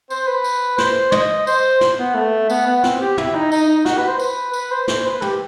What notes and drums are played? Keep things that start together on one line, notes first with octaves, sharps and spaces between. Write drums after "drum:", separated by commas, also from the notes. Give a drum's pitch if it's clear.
C5, drum: tambourine
B4
drum: tambourine
C5, drum: snare
D#5, drum: tom
C5, drum: tambourine
drum: snare
B3
A3
B3, drum: tambourine
B3
C4, drum: snare
G4
E4, drum: tom
D#4
D#4, drum: tambourine
D#4
F#4, drum: snare
B4
C5
B4, drum: tambourine
B4, drum: tambourine
C5
C5, drum: snare
B4
G4, drum: tom